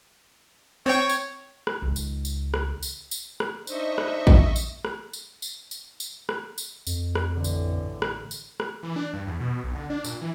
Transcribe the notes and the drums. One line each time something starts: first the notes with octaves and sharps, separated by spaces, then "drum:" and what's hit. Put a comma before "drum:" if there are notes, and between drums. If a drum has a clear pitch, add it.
C4 C#5 G5
drum: tambourine
drum: rim click
C#2 D#3
drum: tambourine
drum: tambourine
drum: rim click
drum: tambourine
drum: tambourine
drum: rim click
D4 D#4 C5 D#5 E5 C#6, drum: tambourine
drum: rim click
drum: kick A1
drum: tambourine
drum: rim click
drum: tambourine
drum: tambourine
drum: tambourine
drum: tambourine
drum: rim click
drum: tambourine
F2, drum: tambourine
drum: rim click
A1 D3
drum: tambourine
drum: rim click
drum: tambourine
drum: rim click
E3
D4
G2
E2
B2
B1
D3
D4
A#2, drum: tambourine
E3